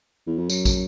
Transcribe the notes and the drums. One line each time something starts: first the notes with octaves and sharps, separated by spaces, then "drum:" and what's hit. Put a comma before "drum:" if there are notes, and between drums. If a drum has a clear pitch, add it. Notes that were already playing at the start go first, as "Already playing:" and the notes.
E2
F2
F#2, drum: tambourine
drum: kick, tambourine